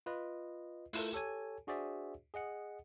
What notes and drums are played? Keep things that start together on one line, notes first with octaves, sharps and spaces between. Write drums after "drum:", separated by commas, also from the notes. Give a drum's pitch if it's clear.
F4 B4 D#5
A3 E4 F4 A4 A#4, drum: open hi-hat
G4 A4 C#5 G#5
D4 F#4 G#4 C5 D5 E5
G#4 D#5 F#5 C#7